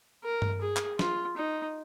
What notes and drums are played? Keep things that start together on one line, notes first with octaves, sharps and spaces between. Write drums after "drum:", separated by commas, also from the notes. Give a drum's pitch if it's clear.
A#4
drum: tom G2
G#4
drum: clap
F4, drum: snare
D#4